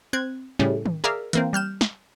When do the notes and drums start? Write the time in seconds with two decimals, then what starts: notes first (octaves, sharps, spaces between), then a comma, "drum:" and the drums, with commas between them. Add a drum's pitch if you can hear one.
0.13 C4 F#6 G#6
0.59 A2 C#3 G3 C#4
0.86 drum: tom D#3
1.04 G#4 A#4 D5 E5 F5
1.33 E3 A#3 C4, drum: hi-hat
1.53 G3 F6 G6 E7
1.81 drum: snare